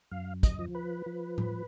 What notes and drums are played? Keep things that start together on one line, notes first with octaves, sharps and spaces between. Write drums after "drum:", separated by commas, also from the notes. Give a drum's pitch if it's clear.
F#2 F5
D#5, drum: kick, hi-hat
F3
B4
F3
drum: tom A2